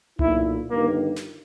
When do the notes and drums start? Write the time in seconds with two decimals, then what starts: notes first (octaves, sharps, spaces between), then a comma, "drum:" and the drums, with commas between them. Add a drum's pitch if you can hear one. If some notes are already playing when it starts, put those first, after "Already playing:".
0.19 B1 A#2 E4, drum: tom C2
0.71 G1 G2 D#3 A#3
1.16 drum: snare